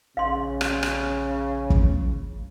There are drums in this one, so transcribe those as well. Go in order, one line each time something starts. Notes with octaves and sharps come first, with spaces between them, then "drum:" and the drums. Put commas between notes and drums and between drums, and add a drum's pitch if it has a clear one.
A#1 C#3 F5 C6
drum: rim click
drum: rim click
drum: kick